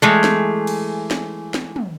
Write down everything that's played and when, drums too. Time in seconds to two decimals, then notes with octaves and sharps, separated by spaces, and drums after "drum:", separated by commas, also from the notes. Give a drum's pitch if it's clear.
0.02 E3 G#3 A3
0.24 drum: snare
0.67 drum: cymbal
1.11 drum: snare
1.54 drum: snare
1.76 drum: tom